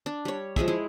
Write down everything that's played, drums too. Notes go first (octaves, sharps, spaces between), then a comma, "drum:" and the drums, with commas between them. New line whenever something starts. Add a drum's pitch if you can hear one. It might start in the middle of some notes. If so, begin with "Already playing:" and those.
D4
G3 C#5
F3 G#3 G#4 E5, drum: kick
G#3 E4